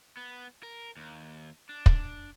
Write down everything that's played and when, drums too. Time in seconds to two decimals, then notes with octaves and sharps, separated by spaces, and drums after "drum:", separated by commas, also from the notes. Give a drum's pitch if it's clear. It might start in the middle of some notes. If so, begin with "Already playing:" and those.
0.17 B3
0.63 A#4
0.97 D#2
1.69 D4
1.86 drum: kick